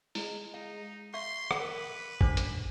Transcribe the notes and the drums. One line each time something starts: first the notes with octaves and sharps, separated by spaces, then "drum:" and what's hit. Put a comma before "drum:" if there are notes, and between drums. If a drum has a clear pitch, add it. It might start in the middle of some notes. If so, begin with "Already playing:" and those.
G#3 E4, drum: open hi-hat
D#4 F5
E5 F5 C6 C#6 B6
drum: rim click
A#4 B4
D4 C5 D6, drum: kick
drum: hi-hat